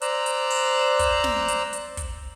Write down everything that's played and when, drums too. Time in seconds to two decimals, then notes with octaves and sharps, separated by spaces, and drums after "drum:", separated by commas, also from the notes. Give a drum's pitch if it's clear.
0.01 C5 D5 A#5 E6 F#6, drum: hi-hat
0.26 drum: hi-hat
0.50 drum: open hi-hat
0.99 drum: kick, hi-hat
1.24 drum: snare
1.48 drum: hi-hat
1.73 drum: hi-hat
1.97 drum: kick, hi-hat